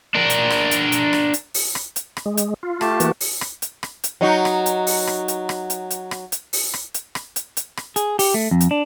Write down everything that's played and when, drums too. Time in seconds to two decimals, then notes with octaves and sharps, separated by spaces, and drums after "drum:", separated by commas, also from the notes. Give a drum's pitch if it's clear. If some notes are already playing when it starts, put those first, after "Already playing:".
0.15 D4 A#4
0.30 drum: hi-hat
0.50 drum: rim click
0.71 drum: hi-hat
0.92 drum: hi-hat
1.13 drum: rim click
1.34 drum: hi-hat
1.54 drum: open hi-hat
1.75 drum: rim click
1.96 drum: hi-hat
2.17 drum: rim click
2.26 G#3
2.37 drum: hi-hat
2.63 F4
2.81 A3 G4 A5, drum: rim click
3.00 E3 A#3 F#4, drum: hi-hat
3.20 drum: open hi-hat
3.41 drum: rim click
3.62 drum: hi-hat
3.83 drum: rim click
4.04 drum: hi-hat
4.21 F#3 D#4 F#4
4.45 drum: rim click
4.66 drum: hi-hat
4.87 drum: open hi-hat
5.07 drum: rim click
5.28 drum: hi-hat
5.49 drum: rim click
5.70 drum: hi-hat
5.90 drum: hi-hat
6.11 drum: rim click
6.32 drum: hi-hat
6.53 drum: open hi-hat
6.74 drum: rim click
6.94 drum: hi-hat
7.15 drum: rim click
7.36 drum: hi-hat
7.57 drum: hi-hat
7.77 drum: rim click
7.96 G#4, drum: hi-hat
8.19 G4, drum: open hi-hat
8.34 A3
8.51 F2
8.60 drum: hi-hat
8.71 D4